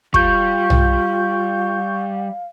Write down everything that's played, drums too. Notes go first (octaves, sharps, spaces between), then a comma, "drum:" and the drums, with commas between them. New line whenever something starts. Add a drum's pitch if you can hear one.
G3 F4 F5 C#6 G6, drum: kick
drum: tom